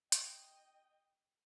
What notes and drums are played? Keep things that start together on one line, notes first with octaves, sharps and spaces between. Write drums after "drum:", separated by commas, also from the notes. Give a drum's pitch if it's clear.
D#5 G5, drum: hi-hat